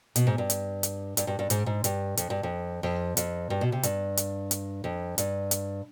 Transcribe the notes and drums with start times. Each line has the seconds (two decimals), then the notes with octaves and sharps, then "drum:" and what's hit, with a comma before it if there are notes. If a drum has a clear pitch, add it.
0.16 B2, drum: hi-hat
0.27 G#2
0.38 G2
0.50 drum: hi-hat
0.83 drum: hi-hat
1.17 G2, drum: hi-hat
1.27 G2
1.39 G2
1.50 G#2, drum: hi-hat
1.66 G#2
1.84 G2, drum: hi-hat
2.17 F2, drum: hi-hat
2.30 G2
2.43 F2
2.83 F2
3.17 F2, drum: hi-hat
3.50 G2
3.61 B2
3.72 C3
3.83 G2, drum: hi-hat
4.17 drum: hi-hat
4.51 drum: hi-hat
4.84 F2
5.18 G2, drum: hi-hat
5.51 drum: hi-hat